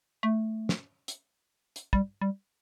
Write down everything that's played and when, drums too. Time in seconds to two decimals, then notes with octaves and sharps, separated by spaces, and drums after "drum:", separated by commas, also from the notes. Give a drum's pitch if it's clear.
0.23 A3
0.69 drum: snare
1.08 drum: hi-hat
1.76 drum: hi-hat
1.93 G3, drum: kick
2.21 G3